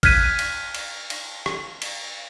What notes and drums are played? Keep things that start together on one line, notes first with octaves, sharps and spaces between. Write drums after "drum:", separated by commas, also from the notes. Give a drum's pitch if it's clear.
F6 F#6 G#6 B6 D#7, drum: kick, cymbal
drum: cymbal
drum: cymbal
drum: cymbal
drum: rim click
drum: cymbal